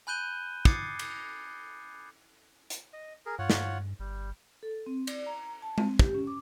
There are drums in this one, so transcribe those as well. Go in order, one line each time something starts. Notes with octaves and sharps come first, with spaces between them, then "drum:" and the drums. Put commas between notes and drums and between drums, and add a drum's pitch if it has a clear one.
G#5 B5 F#6 G6 D#7 G7
D6 D#6 G#6 A6 C7 C#7, drum: kick
drum: cymbal
drum: hi-hat
D#5
G#4 A#4
G2 F4 C#5 F#5
drum: snare
G1 G3
A4
C4
D5, drum: cymbal
A#5
A5
C4, drum: tom G#3
G4, drum: kick
C#4
D6